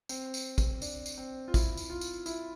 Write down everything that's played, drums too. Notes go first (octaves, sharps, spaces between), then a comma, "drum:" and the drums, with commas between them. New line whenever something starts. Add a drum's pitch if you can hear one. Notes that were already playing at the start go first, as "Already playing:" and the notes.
C4, drum: tambourine
drum: tambourine
drum: kick, tambourine
D4, drum: tambourine
drum: tambourine
C4
F4
E4, drum: kick, tambourine
drum: tambourine
F4
drum: tambourine
E4, drum: tambourine